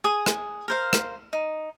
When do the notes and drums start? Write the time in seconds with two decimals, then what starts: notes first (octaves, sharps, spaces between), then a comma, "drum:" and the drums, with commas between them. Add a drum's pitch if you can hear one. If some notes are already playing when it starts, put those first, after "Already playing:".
0.04 G#4 D#6
0.26 drum: rim click
0.68 A#4 C5 F5
0.93 drum: rim click
1.33 D#4